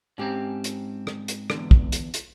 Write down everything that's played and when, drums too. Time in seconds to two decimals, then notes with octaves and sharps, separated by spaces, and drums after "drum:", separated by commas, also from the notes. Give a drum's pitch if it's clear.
0.18 G#2 C4 C#4 G4
0.64 drum: hi-hat
1.07 drum: rim click
1.28 drum: hi-hat
1.50 E2 G2 D3, drum: rim click
1.71 drum: kick
1.92 drum: hi-hat
2.14 drum: hi-hat